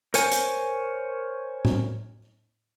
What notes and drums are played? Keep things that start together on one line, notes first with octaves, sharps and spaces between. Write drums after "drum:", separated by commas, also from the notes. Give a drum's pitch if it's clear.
A#4 C5 C#5 G#5, drum: hi-hat
drum: hi-hat
drum: tom A2